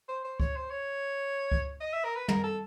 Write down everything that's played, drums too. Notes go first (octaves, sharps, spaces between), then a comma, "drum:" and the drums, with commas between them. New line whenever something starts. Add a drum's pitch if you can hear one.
C5
C5
C#5, drum: kick C#2
C5
C#5
drum: kick C#2
D#5
E5
A#4
B4
A#4, drum: tom
A4